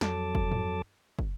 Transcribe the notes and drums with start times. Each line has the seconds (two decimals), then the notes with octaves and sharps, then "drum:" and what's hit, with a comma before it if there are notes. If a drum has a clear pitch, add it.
0.01 F2 F#3 A4 A5 D6, drum: snare
0.35 drum: kick
0.52 drum: tom
1.19 drum: kick